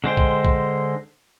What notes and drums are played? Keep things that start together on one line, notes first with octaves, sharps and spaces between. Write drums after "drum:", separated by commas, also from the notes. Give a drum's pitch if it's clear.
D3 G#3 C5 G5
drum: kick A#1
drum: kick A#1